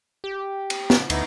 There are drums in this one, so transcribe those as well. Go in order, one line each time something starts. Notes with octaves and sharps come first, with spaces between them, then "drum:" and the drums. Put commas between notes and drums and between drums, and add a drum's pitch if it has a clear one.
G4
drum: cymbal
drum: snare
D2 B3 D#4 E4, drum: cymbal